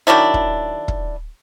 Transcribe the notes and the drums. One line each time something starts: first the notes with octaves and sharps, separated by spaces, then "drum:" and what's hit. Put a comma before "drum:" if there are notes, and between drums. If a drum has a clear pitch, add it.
D#3 F#3 D4 E4
drum: kick
drum: kick